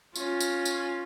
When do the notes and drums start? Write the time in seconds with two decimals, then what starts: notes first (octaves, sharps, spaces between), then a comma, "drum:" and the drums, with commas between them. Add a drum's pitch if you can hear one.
0.16 C#4 F4, drum: tambourine
0.40 drum: tambourine
0.65 drum: tambourine